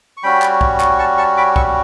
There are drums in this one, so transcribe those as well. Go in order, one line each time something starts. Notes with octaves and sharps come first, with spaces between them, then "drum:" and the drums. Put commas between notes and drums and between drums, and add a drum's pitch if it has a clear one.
C#6
G3 C#4 F#4 G5 B5
drum: clap
drum: kick B1
drum: clap
A5 C#6
A5 C#6
B5 D6
C#6 E6, drum: kick B1